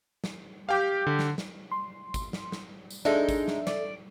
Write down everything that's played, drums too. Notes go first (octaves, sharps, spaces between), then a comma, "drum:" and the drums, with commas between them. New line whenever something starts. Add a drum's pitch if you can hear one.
drum: snare
G4 F5 G5
D3
drum: snare
drum: snare
C6
drum: kick, tambourine
drum: snare
drum: snare
drum: tambourine
G#3 D4 D#4 A4 E5
drum: kick, tambourine
drum: snare
D5, drum: snare